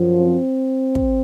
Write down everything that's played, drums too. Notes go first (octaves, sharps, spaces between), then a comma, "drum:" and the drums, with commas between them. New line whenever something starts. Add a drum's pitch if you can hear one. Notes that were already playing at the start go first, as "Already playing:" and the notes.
Already playing: F#2 F3
C4
drum: kick